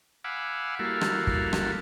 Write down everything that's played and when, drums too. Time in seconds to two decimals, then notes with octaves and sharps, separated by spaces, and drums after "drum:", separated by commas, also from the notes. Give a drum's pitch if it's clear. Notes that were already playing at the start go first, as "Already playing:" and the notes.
0.24 F5 F#5 G#5 B5 D6 E6
0.79 G3 A#3 E4 F#4 A4 F5
1.01 drum: rim click
1.27 drum: kick
1.53 drum: rim click